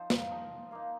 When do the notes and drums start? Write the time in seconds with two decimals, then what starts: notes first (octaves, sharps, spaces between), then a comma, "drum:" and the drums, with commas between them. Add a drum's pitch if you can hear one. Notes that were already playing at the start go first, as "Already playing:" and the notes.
Already playing: F3 C4 D#4 F4 C5
0.10 F5, drum: snare
0.31 F3 D#4 D#5
0.71 A#3 D#4 F5